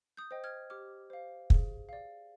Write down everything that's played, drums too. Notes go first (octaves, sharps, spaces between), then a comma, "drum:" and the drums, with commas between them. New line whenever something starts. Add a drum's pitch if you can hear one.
D#6 G6
C5 D#5 G5
F6 G#6
G4 D6 F6
C5 F5
G#4, drum: kick
D5 F5